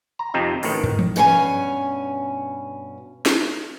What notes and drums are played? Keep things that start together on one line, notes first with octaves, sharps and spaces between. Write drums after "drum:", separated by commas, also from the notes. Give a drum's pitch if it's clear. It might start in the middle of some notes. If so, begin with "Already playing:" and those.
A#5
F2 C3 C4 D#4
A1 A2 D#3, drum: open hi-hat
drum: tom
drum: tom E3
G2 B2 C#4 F#4 G#5, drum: tambourine
drum: snare